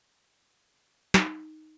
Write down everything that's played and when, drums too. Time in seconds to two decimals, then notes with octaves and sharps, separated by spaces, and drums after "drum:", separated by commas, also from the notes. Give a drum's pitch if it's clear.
1.14 D#4, drum: snare